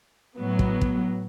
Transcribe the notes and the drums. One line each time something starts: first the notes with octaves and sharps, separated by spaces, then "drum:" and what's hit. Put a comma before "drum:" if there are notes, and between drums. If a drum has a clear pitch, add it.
A2 F#3 B3
drum: kick
drum: kick